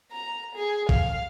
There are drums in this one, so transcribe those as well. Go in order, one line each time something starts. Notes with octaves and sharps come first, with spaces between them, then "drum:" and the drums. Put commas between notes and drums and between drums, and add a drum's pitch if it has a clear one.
A#5
G#4
F5, drum: kick